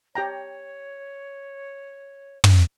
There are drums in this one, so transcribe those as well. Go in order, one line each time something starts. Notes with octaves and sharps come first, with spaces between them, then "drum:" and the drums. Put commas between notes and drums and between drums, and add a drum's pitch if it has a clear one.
G4 C#5 G5 A#5
drum: tom